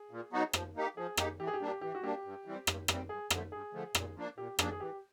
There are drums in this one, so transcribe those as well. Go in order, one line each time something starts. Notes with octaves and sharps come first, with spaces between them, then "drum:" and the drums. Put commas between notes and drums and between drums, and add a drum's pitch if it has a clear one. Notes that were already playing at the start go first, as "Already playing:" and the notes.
Already playing: G#4
A#2
F#3 B3 D#4 F#4
F3, drum: rim click
A#3 D#4 G4
F3 G#4
A#3 D#4 G4, drum: rim click
E3 G4
G#4
G4
G3 A#3 D4
G4
E3 G4
F#4
G3 A#3 D4 G4
G2
E3 G3 C4
G2, drum: rim click
E3 G3 C4, drum: rim click
G2 G#4
D3 F3 A3, drum: rim click
G2 G#4
D3 F3 A3
A#2, drum: rim click
F3 A#3 D4
A#2 G4
F3 A#3 D4 G#4, drum: rim click
G#4
E3 G4